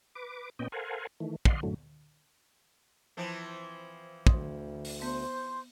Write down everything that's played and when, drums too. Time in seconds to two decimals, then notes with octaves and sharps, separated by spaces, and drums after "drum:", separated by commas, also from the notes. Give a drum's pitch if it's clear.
0.15 B4 D6
0.59 A#2 B3 C#4 D#5 G5
0.72 A4 A#4 C5 F5 F#5 G#5
1.20 D#3 E3 A3
1.45 D5 D#5 F5 F#5 C6, drum: kick
1.63 F#2 A2 D3 F#3 A3
3.17 E3 F3 C4
4.27 D2 C6 D#6, drum: kick
4.85 drum: open hi-hat
5.02 B3 C5 C6 G6